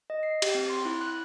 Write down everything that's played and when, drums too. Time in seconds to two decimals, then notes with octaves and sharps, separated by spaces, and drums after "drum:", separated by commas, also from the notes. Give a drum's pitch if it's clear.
0.10 D#5
0.23 C7
0.42 G4, drum: cymbal
0.55 C4
0.70 C6
0.85 E4
1.01 F#6